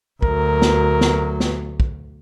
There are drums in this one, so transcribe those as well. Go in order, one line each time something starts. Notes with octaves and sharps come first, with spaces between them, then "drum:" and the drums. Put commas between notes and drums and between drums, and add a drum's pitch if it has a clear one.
D2 F#3 A#4, drum: kick
drum: snare
drum: snare
drum: snare
drum: kick